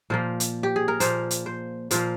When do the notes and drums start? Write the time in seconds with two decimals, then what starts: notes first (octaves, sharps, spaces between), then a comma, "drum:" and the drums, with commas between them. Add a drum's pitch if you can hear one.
0.10 A#2 F3 A#3 C5
0.40 drum: hi-hat
0.63 G4
0.76 G#4
0.88 A#4
1.00 A#2 F3 A#3 C5, drum: hi-hat
1.31 drum: hi-hat
1.46 C5
1.91 A#2 F3 A#3 C5, drum: hi-hat